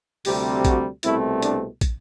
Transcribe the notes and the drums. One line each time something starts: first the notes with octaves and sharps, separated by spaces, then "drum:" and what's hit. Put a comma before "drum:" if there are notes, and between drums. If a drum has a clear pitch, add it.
D2 C3 G3 C4 G4, drum: open hi-hat
F#4, drum: kick, hi-hat
C2 B2 A3 C4 E4, drum: hi-hat
D4, drum: hi-hat
drum: kick, hi-hat